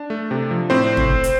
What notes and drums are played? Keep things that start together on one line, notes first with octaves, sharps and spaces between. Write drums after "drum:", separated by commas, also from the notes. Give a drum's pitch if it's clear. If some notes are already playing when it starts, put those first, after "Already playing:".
Already playing: D4
A3
C3
F3
A2 C4 C5
drum: tom
drum: hi-hat